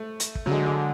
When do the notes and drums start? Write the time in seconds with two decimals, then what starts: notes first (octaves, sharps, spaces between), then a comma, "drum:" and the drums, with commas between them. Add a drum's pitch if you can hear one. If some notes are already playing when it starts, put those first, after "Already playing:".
Already playing: A3
0.20 drum: hi-hat
0.35 drum: kick
0.46 C#3 F#3
0.51 D3 G#3
0.66 G#3